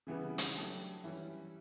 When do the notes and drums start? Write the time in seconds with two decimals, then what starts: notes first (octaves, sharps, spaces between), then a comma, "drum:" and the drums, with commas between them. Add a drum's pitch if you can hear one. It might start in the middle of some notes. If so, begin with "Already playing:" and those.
0.07 C#3 E3 G3 B3 E4
0.38 drum: hi-hat
0.56 F#3 A3 D4 G4
1.04 E3 G3 C#4 E4